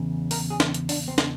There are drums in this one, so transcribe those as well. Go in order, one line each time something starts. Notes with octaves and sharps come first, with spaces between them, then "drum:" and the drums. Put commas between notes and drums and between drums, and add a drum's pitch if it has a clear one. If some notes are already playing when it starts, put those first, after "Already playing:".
Already playing: E2 C#3 E3
A#4, drum: open hi-hat
G#4
drum: snare
drum: hi-hat
D4, drum: open hi-hat
C4
drum: snare